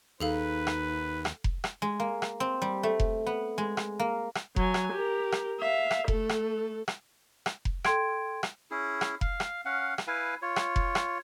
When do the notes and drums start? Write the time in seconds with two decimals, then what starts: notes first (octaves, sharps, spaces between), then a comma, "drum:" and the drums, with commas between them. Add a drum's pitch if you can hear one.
0.20 D#2 D#4 G#4 A4 B4 F5
0.67 drum: rim click
1.25 drum: rim click
1.44 drum: kick F1
1.64 drum: rim click
1.82 G#3
2.00 A#3
2.22 drum: rim click
2.40 C4
2.62 G3
2.83 A3
3.00 drum: kick F1
3.26 B3
3.58 G#3
3.77 drum: rim click
3.99 A#3
4.35 drum: rim click
4.56 F#3 G#5, drum: kick F1
4.74 drum: rim click
4.93 G4 A#4
5.32 drum: rim click
5.60 E5 F5
5.91 drum: rim click
6.08 A3 A4, drum: kick F1
6.29 drum: rim click
6.88 drum: rim click
7.46 drum: rim click
7.65 drum: kick F1
7.84 A4 G5 C6 G#6 D7, drum: rim click
8.43 drum: rim click
8.71 C#4 E4 G#4
9.01 drum: rim click
9.21 F5, drum: kick F1
9.40 drum: rim click
9.65 C#4 F5 F#5
9.98 drum: rim click
10.07 E4 B4 F5 G#5
10.42 F4 C#5
10.56 drum: rim click
10.76 drum: kick F1
10.95 drum: rim click